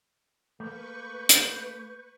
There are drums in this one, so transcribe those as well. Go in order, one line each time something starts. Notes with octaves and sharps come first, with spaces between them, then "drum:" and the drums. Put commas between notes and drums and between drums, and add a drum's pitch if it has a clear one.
A3 A#3 B4 C#6 G6
drum: hi-hat